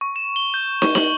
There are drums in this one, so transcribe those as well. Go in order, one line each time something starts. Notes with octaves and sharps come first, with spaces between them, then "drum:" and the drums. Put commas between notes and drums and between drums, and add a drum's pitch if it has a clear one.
C#6
E7
G7
G6
C#6, drum: snare
F#7, drum: snare